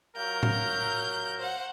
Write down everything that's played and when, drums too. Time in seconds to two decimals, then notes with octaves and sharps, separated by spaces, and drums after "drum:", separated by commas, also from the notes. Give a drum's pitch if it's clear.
0.16 F#3 F4 A#4 G6
0.43 drum: tom A2
1.39 C5 F#5